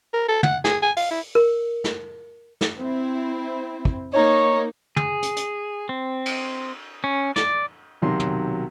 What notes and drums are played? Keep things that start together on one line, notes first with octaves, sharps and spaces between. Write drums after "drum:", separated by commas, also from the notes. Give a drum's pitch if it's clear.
A#4
A4
F#5, drum: tom
G#4, drum: snare
G#5
F5, drum: open hi-hat
E4
A#4
drum: snare
drum: snare
C4 E4
drum: kick
A#3 D#4 C#5
G#4, drum: tom
drum: hi-hat
drum: hi-hat
C4
drum: cymbal
C#4
D5, drum: snare
B1 C3 D#3 F#3 C6
drum: tom